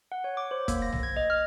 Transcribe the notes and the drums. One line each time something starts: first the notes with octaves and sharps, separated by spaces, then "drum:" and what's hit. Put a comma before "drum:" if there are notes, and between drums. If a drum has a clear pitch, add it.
F#5
C#5
D6
C5
A#3, drum: kick, hi-hat
A#6
drum: tom B1
G#6
D#5
F6